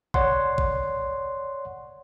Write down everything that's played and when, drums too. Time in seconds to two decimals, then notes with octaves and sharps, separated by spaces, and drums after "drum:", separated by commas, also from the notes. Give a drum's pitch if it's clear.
0.14 C#5 D5 F#5 C6, drum: kick A1
0.58 drum: kick A1